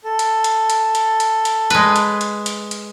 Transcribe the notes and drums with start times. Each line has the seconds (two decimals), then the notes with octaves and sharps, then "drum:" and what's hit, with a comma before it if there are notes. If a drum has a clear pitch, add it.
0.04 A4
0.19 drum: hi-hat
0.44 drum: hi-hat
0.70 drum: hi-hat
0.95 drum: hi-hat
1.20 drum: hi-hat
1.45 drum: hi-hat
1.70 G#3 B4, drum: hi-hat
1.96 drum: hi-hat
2.21 drum: hi-hat
2.46 drum: hi-hat
2.71 drum: hi-hat